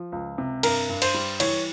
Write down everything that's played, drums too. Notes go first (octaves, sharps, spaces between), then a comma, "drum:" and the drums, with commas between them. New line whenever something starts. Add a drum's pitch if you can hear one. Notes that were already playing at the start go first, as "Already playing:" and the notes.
Already playing: F3
C#2
C3
G2 A#4, drum: cymbal
G2
C5, drum: cymbal
G3
E3 C#5, drum: cymbal